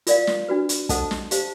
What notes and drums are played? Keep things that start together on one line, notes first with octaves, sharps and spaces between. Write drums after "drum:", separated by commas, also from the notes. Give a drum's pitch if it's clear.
F4 A#4 D5 F5, drum: hi-hat
drum: snare
D4 F#4 B4
drum: hi-hat
A4 C5 D#5 F#5 A5, drum: kick, hi-hat
drum: snare
G4 C5 F5 A5, drum: hi-hat